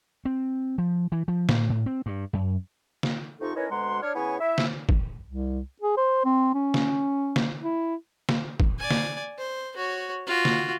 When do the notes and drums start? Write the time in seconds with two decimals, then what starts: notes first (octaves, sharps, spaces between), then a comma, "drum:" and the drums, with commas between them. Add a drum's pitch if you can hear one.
0.25 C4
0.78 F3
1.12 E3
1.28 F3
1.49 A2, drum: snare
1.70 A2
1.86 C4
2.06 G2
2.33 F#2
3.03 drum: snare
3.40 F2 C3 D#4 F4 A4 C#6
3.55 C#4 D#4 E4 A#4 B4 C#5
3.70 D2 B2 G#3 F#5 A#5 C6
4.02 D4 C#5 F6
4.14 C#3 B3 E4 C#5 G#5 C#6
4.39 E4 E5
4.58 drum: snare
4.89 drum: kick
5.28 C2
5.81 G#4
5.97 C5
6.25 C4
6.54 C#4
6.74 drum: snare
7.36 drum: snare
7.62 E4
8.29 drum: snare
8.60 drum: kick
8.79 D5 G#5
8.90 drum: snare
9.38 C5
9.76 F#4 C#5
10.26 F4 F#4
10.45 drum: snare